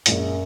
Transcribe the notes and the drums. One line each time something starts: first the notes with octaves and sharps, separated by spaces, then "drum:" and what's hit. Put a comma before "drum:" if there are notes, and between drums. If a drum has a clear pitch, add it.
A#1 F#2 A#2 G#3, drum: hi-hat